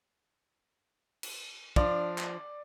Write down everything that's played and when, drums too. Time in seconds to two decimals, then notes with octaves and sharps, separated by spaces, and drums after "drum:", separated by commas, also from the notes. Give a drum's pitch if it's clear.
1.23 drum: cymbal
1.76 F3 D4 D5, drum: kick
2.18 drum: clap